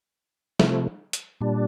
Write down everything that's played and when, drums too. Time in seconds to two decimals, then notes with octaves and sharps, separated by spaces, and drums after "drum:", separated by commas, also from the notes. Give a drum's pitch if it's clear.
0.60 C3 F3 A3, drum: snare
1.13 drum: hi-hat
1.40 A#2 G3 D4